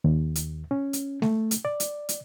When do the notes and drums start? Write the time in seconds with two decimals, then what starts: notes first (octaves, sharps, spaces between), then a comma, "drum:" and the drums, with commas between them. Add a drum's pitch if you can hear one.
0.04 D#2
0.35 drum: hi-hat
0.71 C#4
0.93 drum: hi-hat
1.22 A3, drum: snare
1.51 drum: hi-hat
1.65 D5
1.80 drum: hi-hat
2.09 drum: hi-hat